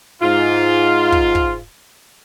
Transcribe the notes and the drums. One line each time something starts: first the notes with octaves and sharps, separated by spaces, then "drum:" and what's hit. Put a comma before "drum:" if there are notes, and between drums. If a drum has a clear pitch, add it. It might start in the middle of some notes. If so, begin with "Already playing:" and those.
G#2 F4
drum: kick
drum: kick